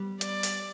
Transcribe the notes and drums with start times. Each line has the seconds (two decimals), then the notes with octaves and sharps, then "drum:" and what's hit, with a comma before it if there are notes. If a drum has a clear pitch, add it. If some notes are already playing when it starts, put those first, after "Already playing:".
Already playing: G3 B3
0.21 D5, drum: hi-hat
0.43 drum: open hi-hat